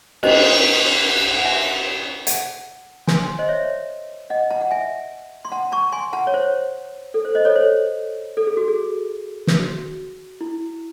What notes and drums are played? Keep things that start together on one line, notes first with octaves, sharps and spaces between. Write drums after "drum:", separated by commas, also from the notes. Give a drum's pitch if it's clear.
C5 D#5, drum: cymbal
F#5
E5 G#5
F#5 A5, drum: hi-hat
G#5 C6, drum: snare
G#5 C6
C5 D#5
C#5 E5
D#5 F#5
F#5 A5
F#5
E5 G#5
C6
F#5 A5
A5 C#6
G#5 C6
F#5 A5
C#5
C5
A4
C5
C5 D#5
A4 C#5
C5
A4
G#4
F#4
G#4
drum: snare
F#4
E4